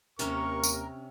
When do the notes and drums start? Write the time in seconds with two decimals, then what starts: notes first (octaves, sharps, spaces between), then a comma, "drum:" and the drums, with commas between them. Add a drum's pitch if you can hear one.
0.19 D#2 C3 C#4 A#4 C#6, drum: hi-hat
0.64 drum: tambourine